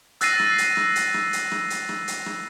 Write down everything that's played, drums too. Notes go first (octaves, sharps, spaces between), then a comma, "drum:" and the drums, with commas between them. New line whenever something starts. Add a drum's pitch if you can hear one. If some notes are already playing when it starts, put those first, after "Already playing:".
E6 F#6 A6 A#6 C7 D#7, drum: hi-hat
drum: rim click
drum: hi-hat
drum: rim click
drum: hi-hat
drum: rim click
drum: hi-hat
drum: rim click
drum: hi-hat
drum: rim click
drum: hi-hat
drum: rim click